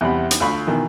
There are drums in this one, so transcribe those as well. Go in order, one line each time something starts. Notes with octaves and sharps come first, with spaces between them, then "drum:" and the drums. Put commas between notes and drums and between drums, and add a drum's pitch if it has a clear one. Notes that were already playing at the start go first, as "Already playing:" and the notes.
E2 C3 G3 F#5 B5
drum: hi-hat
D2 F4 F5 B5 C#6
B2 D#3 E3